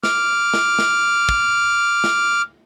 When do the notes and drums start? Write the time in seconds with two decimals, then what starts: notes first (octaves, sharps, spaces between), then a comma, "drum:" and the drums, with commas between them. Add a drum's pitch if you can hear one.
0.03 D6 F6, drum: snare
0.54 drum: snare
0.79 drum: snare
1.29 drum: kick
2.04 drum: snare